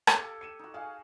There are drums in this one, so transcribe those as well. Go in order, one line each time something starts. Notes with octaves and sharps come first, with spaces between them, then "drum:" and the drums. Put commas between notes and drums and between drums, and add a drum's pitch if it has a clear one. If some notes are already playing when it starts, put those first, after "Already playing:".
G4 A4 F5 G#6 C#7, drum: rim click
C#7 D#7 E7
D#4 F#4
F#4 G#4 F5 G#5